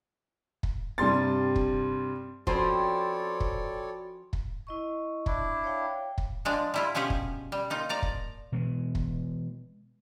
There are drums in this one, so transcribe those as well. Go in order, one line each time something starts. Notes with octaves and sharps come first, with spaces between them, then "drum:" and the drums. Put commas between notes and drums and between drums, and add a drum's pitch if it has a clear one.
drum: kick
G2 C3 G3 C6 A6
drum: kick
F3 C4 C#4 F#4 A4 C#5 D5 B5, drum: kick
drum: kick
drum: kick
E4 D#5 C#6
D4 E4 A5, drum: kick
C#5 F5 G5
drum: kick
F3 G#3 D4
G3 E4 F4
B2 F3 C#4 G4 G#4
drum: kick
G3
A#3 D#4 F4
F3 D5 A#5
drum: kick
B2 E3 G#3
drum: kick